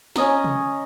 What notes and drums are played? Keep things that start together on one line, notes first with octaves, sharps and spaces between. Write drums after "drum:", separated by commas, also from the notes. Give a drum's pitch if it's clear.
C#4 C#5 D#5 A#5, drum: snare
drum: tom C3